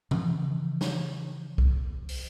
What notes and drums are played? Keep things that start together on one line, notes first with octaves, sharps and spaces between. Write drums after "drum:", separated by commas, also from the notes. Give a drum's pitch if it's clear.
C#3 E3 F3, drum: tom E3
drum: snare
drum: kick C2
drum: open hi-hat